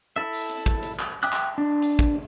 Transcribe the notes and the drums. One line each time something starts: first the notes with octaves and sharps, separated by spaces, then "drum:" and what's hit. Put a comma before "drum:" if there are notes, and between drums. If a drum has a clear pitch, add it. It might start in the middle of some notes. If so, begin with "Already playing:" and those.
E4 A4 E5
drum: open hi-hat
drum: hi-hat
drum: kick, hi-hat
drum: hi-hat
drum: clap
E5 G5 D6 D#6 F#6
drum: clap
D4
drum: hi-hat
drum: kick, hi-hat